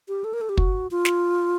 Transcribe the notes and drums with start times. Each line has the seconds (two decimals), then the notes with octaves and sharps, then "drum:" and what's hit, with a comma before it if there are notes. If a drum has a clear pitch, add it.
0.08 G4
0.24 A4
0.33 A#4
0.41 A4
0.49 G4
0.57 F#4, drum: kick
0.91 F4
1.05 drum: snare